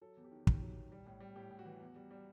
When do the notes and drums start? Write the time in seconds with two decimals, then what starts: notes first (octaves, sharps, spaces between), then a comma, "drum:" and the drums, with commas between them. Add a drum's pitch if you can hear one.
0.01 F#3 A4
0.17 E2
0.24 G4
0.32 D#3
0.47 D#3 G4, drum: kick
0.61 F#3
0.77 D#3
0.92 G3
1.06 A2
1.20 G3
1.36 A2 G4
1.51 A2
1.59 F#4
1.66 E3
1.80 E2
1.95 G3
2.11 G3